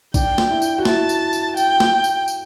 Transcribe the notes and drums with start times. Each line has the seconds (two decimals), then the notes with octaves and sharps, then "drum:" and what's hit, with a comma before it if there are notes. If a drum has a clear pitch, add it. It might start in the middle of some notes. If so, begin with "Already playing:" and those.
0.14 D4 G5, drum: kick A#1, tambourine
0.38 drum: snare
0.50 E4
0.62 drum: tambourine
0.78 F#4
0.85 E4 A5, drum: snare
1.09 drum: tambourine
1.33 drum: tambourine
1.57 G5, drum: tambourine
1.80 drum: snare
2.04 drum: tambourine
2.28 drum: tambourine